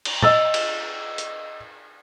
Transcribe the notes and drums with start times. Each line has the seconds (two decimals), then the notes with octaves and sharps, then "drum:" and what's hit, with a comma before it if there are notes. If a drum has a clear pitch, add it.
0.05 drum: cymbal
0.23 D#5 E6 A6, drum: tom
0.54 drum: cymbal
1.18 drum: hi-hat